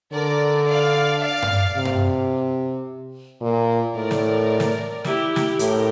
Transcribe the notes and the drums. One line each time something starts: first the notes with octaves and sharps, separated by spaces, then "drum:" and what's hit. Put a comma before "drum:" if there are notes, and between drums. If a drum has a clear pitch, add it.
D3 A#4 D5
D5 F5
D5 F5
drum: tom G2
C3
drum: tom G2
A#2
A2 A#4 D5
drum: snare
drum: snare
E4 G4, drum: snare
drum: snare
A2 G4 A#4, drum: hi-hat